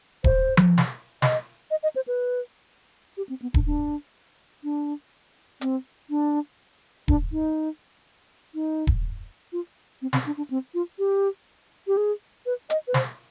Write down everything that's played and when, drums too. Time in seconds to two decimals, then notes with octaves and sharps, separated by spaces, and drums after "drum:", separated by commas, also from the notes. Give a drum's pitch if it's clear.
0.24 C5, drum: kick D#1
0.57 drum: tom F3
0.78 drum: snare
1.22 D#5, drum: snare
1.71 D#5
1.83 D#5
1.96 C5
2.08 B4
3.17 G4
3.29 C4
3.42 B3
3.54 D4, drum: kick D#1
3.66 D4
4.64 D4
5.61 C4, drum: hi-hat
6.10 D4
7.08 D4, drum: kick D#1
7.32 D#4
8.54 D#4
8.87 drum: kick D#1
9.53 F4
10.02 C4
10.13 C4, drum: snare
10.26 D4
10.37 D4
10.50 C4
10.74 F4
10.99 G4
11.87 G4
11.97 G#4
12.46 B4
12.70 D#5, drum: hi-hat
12.88 B4
12.94 C5, drum: snare